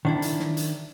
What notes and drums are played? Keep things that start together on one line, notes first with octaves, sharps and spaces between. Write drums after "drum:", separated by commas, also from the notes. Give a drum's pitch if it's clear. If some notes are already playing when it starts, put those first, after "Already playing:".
D#3 D4 E4
drum: hi-hat
drum: snare
drum: hi-hat